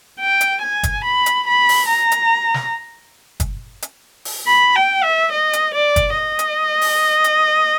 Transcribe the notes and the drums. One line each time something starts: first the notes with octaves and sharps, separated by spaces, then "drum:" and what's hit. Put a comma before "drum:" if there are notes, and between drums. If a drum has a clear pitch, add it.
G5
drum: hi-hat
G#5
drum: kick, hi-hat
B5
drum: hi-hat
B5
drum: open hi-hat
A#5
drum: hi-hat
drum: snare
drum: kick, hi-hat
drum: hi-hat
drum: open hi-hat
B5
G5
E5
D#5
drum: hi-hat
D5
drum: kick, hi-hat
D#5
drum: hi-hat
drum: open hi-hat
drum: hi-hat